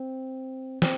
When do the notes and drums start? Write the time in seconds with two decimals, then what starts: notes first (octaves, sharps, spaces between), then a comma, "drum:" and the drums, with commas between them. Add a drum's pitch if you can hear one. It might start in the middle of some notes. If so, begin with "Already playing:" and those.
Already playing: C4
0.82 C4, drum: snare